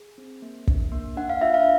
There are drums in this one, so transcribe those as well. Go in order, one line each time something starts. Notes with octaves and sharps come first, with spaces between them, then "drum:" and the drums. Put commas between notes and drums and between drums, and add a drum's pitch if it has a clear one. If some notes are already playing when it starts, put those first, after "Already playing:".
Already playing: G#4
C4
A#3
D4, drum: kick
A#3
D4 F#5
F5
F4 E5
F5